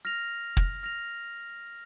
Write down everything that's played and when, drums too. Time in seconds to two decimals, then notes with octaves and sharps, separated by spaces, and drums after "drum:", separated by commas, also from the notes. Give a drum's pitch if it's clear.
0.05 F6 A#6 F7
0.57 drum: kick
0.83 F6 A#6 F7